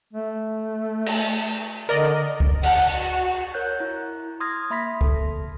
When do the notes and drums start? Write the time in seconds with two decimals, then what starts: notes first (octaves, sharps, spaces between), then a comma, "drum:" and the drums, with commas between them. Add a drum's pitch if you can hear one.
0.13 A3
1.06 drum: cymbal
1.89 D3 A#4 D5 D#5
2.40 drum: kick C#2
2.63 F#5, drum: cymbal
2.94 F#4
3.54 A#4 C#5 F#6 G6
3.80 E4
4.40 C6 D#6 F6 G#6 A#6
4.70 A#3 E5 B5 C6 A#6 B6
5.01 A4, drum: kick C#2